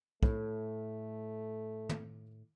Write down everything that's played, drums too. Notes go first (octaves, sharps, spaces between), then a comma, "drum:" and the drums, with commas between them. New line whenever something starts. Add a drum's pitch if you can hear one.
A2 A3, drum: kick
drum: tom